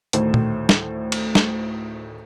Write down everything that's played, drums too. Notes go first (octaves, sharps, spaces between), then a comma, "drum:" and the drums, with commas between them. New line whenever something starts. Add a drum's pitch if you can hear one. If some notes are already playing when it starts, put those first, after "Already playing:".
D2 A2 D#3 C5, drum: hi-hat
drum: tom A#2
drum: snare
drum: cymbal
drum: snare